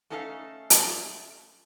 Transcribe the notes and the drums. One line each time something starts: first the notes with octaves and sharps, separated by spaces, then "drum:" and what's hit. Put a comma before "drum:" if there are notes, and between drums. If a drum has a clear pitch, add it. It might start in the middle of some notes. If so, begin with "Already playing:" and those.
A3 C#4 D#4 A4 D#5 F5
drum: hi-hat